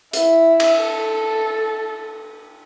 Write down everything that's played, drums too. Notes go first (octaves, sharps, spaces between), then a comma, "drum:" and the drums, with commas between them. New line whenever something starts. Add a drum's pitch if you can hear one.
E4, drum: hi-hat
drum: cymbal
A4